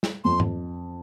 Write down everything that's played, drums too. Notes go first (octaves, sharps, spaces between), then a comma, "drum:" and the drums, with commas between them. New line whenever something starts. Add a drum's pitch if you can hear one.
drum: snare
F2 C6
drum: tom G#2